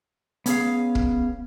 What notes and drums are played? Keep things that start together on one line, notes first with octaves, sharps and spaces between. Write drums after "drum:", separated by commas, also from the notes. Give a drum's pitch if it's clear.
B3 C#4 G#4 F5, drum: hi-hat
drum: kick